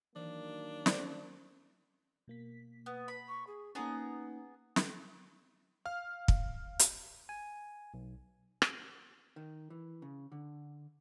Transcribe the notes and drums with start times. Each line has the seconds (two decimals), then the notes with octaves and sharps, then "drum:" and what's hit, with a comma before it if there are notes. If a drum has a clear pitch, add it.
0.16 D#3 E3 F#3 A#3 D4
0.86 C#4 C5 D5, drum: snare
2.28 B2 A#3 B6
2.86 B3 B4
3.08 B5
3.28 C#6
3.47 G#4
3.75 A#3 B3 C#4 D#4 G#4 A#5
4.76 drum: snare
5.85 F5 F6
6.28 drum: kick
6.79 drum: hi-hat
7.29 G#5
7.94 B1
8.62 drum: rim click
9.36 D#3
9.70 E3
10.02 C#3
10.32 D3